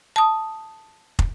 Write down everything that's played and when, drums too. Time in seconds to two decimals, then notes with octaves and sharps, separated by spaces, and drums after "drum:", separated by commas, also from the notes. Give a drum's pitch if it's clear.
0.16 A5 D#6
1.19 drum: kick